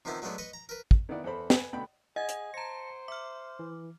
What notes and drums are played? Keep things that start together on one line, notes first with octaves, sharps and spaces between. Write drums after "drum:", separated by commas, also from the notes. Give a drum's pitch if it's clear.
C3 D#3 F3 B3 E4
F#3 G#3 A3 B3 D4
B4 D#5 C#6
A#5
A#4 B4
drum: kick
D#3 B3 E4 D5 F#5
E2 A4 C5 B5
B4 G#5, drum: snare
D2 B2 A3 B3 G5 B5
G#4 D#5 F#5 G#5 G#6
drum: hi-hat
C5 A5 A#5 A#6 C#7
E5 D6 F6
E3